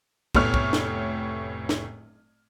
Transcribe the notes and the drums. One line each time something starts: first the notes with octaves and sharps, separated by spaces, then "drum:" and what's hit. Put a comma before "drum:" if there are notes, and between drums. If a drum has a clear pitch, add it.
F1 A2 B3 C#5 F6, drum: kick
drum: kick
drum: snare
drum: snare